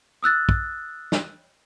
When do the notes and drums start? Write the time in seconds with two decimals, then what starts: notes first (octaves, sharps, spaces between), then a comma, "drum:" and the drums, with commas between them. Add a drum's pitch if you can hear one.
0.23 D#6 E6 F#6 A6
0.49 drum: kick
1.12 drum: snare